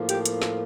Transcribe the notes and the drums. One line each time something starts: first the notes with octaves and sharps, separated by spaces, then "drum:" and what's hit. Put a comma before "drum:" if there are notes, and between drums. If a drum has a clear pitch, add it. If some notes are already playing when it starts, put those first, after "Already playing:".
Already playing: A2 F3 A#3
G4, drum: hi-hat
drum: hi-hat
drum: snare